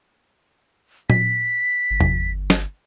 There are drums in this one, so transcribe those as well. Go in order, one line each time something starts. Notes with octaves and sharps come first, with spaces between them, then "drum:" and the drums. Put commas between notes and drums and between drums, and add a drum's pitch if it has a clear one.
B6, drum: tom A#2
G1
drum: tom
drum: snare